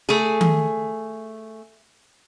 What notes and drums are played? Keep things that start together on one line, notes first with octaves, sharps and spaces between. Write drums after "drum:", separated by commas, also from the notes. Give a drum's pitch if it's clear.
A3 G#4
drum: tom D#3